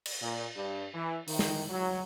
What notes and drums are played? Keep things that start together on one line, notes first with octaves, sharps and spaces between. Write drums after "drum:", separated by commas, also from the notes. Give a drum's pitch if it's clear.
drum: cymbal
A#2
G2
E3
D#3, drum: open hi-hat
drum: snare
F#3